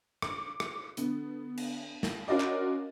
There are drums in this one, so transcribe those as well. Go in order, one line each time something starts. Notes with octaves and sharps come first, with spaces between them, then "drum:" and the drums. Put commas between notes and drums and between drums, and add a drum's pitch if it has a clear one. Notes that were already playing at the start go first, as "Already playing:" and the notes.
D6, drum: rim click
drum: rim click
D3 B3, drum: hi-hat
drum: cymbal
drum: snare
C#4 F4 F#4 A#4 D5 D#5
drum: clap